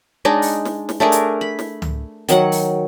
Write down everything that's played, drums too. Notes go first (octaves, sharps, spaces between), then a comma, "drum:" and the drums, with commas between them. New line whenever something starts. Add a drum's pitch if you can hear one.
G#3 D4 D#4
drum: open hi-hat
drum: snare
drum: snare
A3 D4 G#4 A#4
drum: hi-hat
B5
drum: snare
drum: tom C#2
D#3 F#3 F#5, drum: hi-hat
drum: open hi-hat